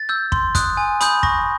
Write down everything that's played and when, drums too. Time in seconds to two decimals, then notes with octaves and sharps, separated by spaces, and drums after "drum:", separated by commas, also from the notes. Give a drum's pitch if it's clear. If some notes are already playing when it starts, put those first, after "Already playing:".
Already playing: A6
0.09 E6 G6
0.32 C6, drum: kick
0.55 D#6 F#6, drum: kick, hi-hat
0.77 G#5
1.01 B5 D#6 G6, drum: hi-hat
1.23 C#6 A#6, drum: kick